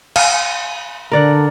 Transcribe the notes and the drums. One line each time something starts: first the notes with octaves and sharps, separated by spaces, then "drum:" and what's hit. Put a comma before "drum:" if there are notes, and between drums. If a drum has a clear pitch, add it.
F5, drum: cymbal
D3 A#4 D5 F#5